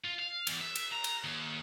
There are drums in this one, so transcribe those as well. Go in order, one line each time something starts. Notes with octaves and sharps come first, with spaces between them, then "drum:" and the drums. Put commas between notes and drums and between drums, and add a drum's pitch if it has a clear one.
F4
F5
E2, drum: cymbal
E5
drum: cymbal
A#5
drum: cymbal
D#2